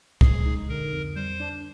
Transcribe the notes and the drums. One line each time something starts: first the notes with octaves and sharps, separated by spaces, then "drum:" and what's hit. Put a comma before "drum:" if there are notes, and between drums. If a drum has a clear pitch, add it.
G#3 G#4, drum: kick
D#4
D3 A#4
F2
G3 C5
D4